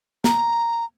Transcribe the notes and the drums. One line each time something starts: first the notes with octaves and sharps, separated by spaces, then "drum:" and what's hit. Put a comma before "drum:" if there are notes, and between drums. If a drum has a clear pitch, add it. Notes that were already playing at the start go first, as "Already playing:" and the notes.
A#5, drum: snare